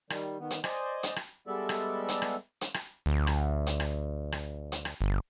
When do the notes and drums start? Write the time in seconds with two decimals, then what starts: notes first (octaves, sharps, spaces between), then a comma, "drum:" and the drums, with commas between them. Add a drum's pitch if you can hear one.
0.10 D#3 G3, drum: rim click
0.40 D#3 B3
0.51 drum: hi-hat
0.64 C5 D5 D#5 G#5, drum: rim click
1.03 drum: hi-hat
1.16 drum: rim click
1.47 G3 G#3 B3 A4 D5 E5
1.69 drum: rim click
2.09 drum: hi-hat
2.22 drum: rim click
2.61 drum: hi-hat
2.74 drum: rim click
3.06 D2
3.27 drum: rim click
3.67 drum: hi-hat
3.80 drum: rim click
4.32 drum: rim click
4.72 drum: hi-hat
4.85 drum: rim click
5.01 G1